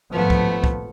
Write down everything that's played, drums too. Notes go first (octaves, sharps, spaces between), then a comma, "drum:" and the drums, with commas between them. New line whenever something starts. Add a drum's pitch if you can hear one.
G#1 G2 F3 A3 B3
drum: kick
drum: kick